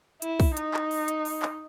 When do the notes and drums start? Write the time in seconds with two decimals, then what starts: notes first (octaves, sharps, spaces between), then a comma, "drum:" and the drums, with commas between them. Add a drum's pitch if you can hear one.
0.22 E4, drum: hi-hat
0.40 drum: kick, open hi-hat
0.57 D#4, drum: hi-hat
0.74 drum: clap
0.91 drum: open hi-hat
1.08 drum: hi-hat
1.25 drum: open hi-hat
1.42 drum: clap